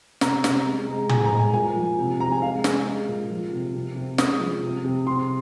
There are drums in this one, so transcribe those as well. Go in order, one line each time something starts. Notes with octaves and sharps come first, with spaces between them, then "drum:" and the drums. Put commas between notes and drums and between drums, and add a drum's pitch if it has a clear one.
C3 A#5, drum: snare
C3, drum: snare
G#3
G#3
G#3 G#5, drum: tom
G#5
A#5
G#3
G#5
A#2 G#5
F3
C3
C3 A#5
G#5
G#3 F5
G#3, drum: snare
G#3
A#2
F3
C3
C3
C3
G#3 D#6, drum: snare
F3
C3
C3
C3 C6